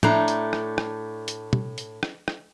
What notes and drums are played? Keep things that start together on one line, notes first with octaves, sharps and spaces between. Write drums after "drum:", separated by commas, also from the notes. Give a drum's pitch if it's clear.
A2 A3 D4 A#5, drum: tom
drum: hi-hat
drum: rim click
drum: rim click
drum: hi-hat
drum: tom B2
drum: hi-hat
drum: rim click
drum: rim click